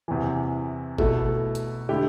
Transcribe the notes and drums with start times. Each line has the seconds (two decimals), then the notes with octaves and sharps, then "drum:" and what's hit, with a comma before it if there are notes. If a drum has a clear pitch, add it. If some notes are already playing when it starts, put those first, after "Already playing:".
0.08 E2 C3 E3
0.98 B2 A3 E4 A4, drum: kick G1
1.55 drum: hi-hat
1.89 D3 A3 E4 G4